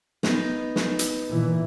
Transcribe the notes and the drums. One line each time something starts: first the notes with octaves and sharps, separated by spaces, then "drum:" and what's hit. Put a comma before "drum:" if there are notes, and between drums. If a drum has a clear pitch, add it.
B3 D#4, drum: snare
drum: snare
drum: hi-hat
A#2 E3